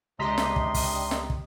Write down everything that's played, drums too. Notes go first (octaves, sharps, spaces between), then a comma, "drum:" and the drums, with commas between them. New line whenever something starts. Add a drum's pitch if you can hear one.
C#2 C3 D4 G4 D#5 A#5 C6 B6
drum: snare
drum: kick
drum: kick, open hi-hat
drum: snare
drum: kick